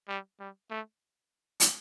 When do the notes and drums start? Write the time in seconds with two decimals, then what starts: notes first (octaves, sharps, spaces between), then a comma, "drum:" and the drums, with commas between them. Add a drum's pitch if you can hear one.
0.08 G3
0.40 G3
0.71 A3
1.60 drum: hi-hat